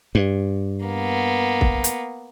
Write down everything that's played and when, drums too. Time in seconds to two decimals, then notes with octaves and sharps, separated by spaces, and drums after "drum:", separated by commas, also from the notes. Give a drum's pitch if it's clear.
0.15 G2
0.86 A#3 B3
1.61 drum: kick
1.84 drum: hi-hat